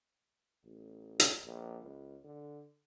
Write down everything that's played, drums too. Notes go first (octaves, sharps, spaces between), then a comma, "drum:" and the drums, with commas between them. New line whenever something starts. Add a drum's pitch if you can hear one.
A1
drum: hi-hat
A#1
C#2
D3